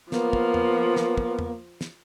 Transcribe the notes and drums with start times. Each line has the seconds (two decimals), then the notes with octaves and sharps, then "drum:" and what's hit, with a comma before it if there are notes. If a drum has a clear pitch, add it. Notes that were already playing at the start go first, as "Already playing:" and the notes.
0.12 F3 A#3 B3, drum: snare
0.33 drum: kick
0.54 drum: tom E2
0.96 drum: snare
1.18 drum: kick
1.39 drum: tom E2
1.81 drum: snare